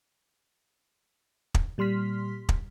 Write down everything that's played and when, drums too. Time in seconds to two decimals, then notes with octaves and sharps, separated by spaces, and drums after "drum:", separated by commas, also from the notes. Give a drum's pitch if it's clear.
1.54 drum: kick
1.78 A#2 G3 C6 F6 B6
2.49 drum: kick